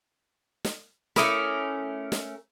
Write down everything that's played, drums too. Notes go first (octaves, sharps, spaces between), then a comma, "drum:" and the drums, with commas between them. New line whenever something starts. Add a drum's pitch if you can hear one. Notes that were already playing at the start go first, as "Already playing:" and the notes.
drum: snare
A3 C#4 E4 A#4 D6 D#6, drum: snare
drum: snare